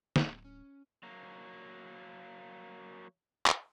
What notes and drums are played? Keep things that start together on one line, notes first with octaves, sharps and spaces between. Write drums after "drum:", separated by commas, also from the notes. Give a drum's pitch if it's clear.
D1, drum: snare
C#4
F#3 A#3
drum: clap